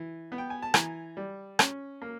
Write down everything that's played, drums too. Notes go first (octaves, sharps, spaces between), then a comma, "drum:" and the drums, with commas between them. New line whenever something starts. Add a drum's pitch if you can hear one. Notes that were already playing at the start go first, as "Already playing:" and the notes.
Already playing: E3
B3
G5
G#5
A5
E3 G#5 A#5, drum: rim click
G3
C#4, drum: rim click
A#3